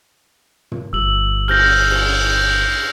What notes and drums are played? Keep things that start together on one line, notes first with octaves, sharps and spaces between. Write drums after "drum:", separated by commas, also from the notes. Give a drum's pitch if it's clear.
drum: tom
G1 E6 F#7
F6 G6 A#6, drum: cymbal
drum: cymbal